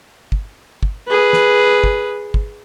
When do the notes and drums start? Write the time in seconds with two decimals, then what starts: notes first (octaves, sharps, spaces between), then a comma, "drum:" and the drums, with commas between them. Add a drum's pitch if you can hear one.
0.32 drum: kick
0.83 drum: kick
1.08 G#4 B4
1.33 drum: snare
1.84 drum: kick
2.34 drum: kick